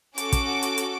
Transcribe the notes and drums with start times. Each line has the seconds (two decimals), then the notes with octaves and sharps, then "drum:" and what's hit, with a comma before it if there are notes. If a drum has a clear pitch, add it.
0.18 C#4 F#4 A4 D6, drum: hi-hat
0.32 drum: kick, hi-hat
0.63 drum: hi-hat
0.78 drum: hi-hat